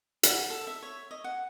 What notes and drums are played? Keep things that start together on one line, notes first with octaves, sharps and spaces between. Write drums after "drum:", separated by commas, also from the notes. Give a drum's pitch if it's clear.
F#5, drum: hi-hat
A4
E5
C#5
D#5
F#5